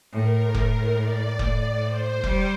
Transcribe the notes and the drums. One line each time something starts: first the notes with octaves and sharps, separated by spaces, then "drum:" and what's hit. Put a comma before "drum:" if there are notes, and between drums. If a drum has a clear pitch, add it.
A2 A#4
A2 A#4, drum: kick F1
D5
A2 D5, drum: kick F1
C5
G3, drum: kick F1